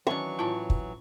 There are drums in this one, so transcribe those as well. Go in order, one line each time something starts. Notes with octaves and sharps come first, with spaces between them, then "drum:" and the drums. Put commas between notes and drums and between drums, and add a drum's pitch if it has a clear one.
D#3 E3 F#3 C#4 D4 C#6
A2 E4 F4 G5 A5
drum: kick